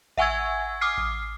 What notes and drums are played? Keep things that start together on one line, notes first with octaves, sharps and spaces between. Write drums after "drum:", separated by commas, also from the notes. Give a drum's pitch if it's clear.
E5 F#5 G#5 C#6 E6 G#6, drum: kick A1
D6 D#6 F6 C7
drum: kick A1